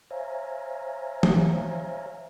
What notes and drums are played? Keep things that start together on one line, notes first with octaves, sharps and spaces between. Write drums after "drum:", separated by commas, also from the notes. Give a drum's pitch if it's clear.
C5 C#5 E5 F5 G#5 A#5
drum: tom E3